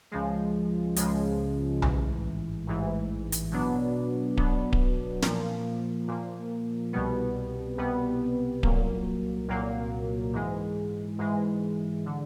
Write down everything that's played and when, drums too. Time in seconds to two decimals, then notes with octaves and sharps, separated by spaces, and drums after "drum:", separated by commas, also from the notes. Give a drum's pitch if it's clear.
0.12 C#2 C#3 F3 G#3
0.96 C#2 C#3 F3 G#3, drum: hi-hat
1.82 A1 G#2 E3, drum: tom B1
2.67 A1 G#2 E3
3.32 drum: hi-hat
3.52 B2 F#3 B3 D4
4.37 B2 F#3 B3 D4, drum: kick D1
4.73 drum: kick D1
5.22 A#2 F3 A#3, drum: snare
6.08 A#2 F3 A#3
6.93 C2 B2 G3 B3
7.78 C2 B2 G3 B3
8.63 C2 A#2 F#3 A#3, drum: kick D1
9.48 C2 A#2 F#3 A#3
10.33 G#2 E3 G#3
11.19 G#2 E3 G#3
12.06 D3